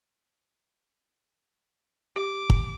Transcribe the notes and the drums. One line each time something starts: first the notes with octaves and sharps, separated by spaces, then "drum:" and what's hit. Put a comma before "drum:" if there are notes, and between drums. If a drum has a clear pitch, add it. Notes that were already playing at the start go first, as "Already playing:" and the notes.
G4 D6
drum: kick